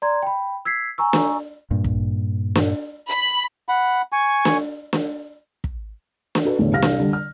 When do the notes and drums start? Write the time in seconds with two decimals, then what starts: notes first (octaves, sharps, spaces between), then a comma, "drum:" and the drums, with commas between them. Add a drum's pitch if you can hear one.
0.02 D5 A#5 C6 G#6
0.22 G5 B5
0.65 E6 G#6 B6 C7
0.98 G#5 A#5 C#6 E6
1.13 drum: snare
1.71 G2 A#2
1.84 drum: kick
2.55 drum: snare
3.08 B5
3.69 F#5 B5
4.12 G#5 C#6
4.45 drum: snare
4.93 drum: snare
5.64 drum: kick
6.35 drum: snare
6.45 F#4 A4 B4
6.59 E2 A2 D3
6.73 C2 G4 F5 F6 A#6
6.82 drum: snare
7.00 D3 G3
7.13 F6